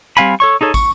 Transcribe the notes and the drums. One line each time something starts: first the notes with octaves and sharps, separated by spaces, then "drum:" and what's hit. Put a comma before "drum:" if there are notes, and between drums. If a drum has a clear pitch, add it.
G3 C4 F5 G#5 B5
A4 C#5 C#6
D#4 G#4 A4 C#5
C#6, drum: kick, tambourine